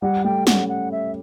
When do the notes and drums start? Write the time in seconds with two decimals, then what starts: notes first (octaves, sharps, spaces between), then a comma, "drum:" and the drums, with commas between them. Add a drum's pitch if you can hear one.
0.02 G3 F#5
0.24 A3 G5
0.47 C#4 F#5, drum: snare
0.69 F#5
0.92 E5